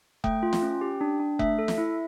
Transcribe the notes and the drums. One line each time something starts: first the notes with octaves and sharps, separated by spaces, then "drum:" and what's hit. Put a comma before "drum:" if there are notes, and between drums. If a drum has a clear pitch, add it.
A3 G5, drum: kick F1
F4
drum: snare
C#4
G4
D4
D4
A3 E5, drum: kick F1
A4
drum: snare
E4